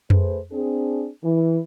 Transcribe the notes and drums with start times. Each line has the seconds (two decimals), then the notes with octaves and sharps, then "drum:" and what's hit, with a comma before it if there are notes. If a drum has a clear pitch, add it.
0.10 A3 G#4 B4 C5, drum: tom F2
0.52 C4 D4 G#4
1.23 E3